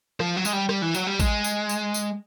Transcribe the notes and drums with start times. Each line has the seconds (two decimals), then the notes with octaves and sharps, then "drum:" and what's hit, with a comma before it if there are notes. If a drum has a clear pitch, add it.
0.20 F3, drum: rim click
0.36 F#3
0.45 G#3, drum: tambourine
0.53 G3
0.69 G3, drum: rim click
0.82 E3
0.94 F#3, drum: tambourine
1.07 G3
1.20 G#3, drum: kick, tambourine
1.44 drum: tambourine
1.69 drum: tambourine
1.94 drum: tambourine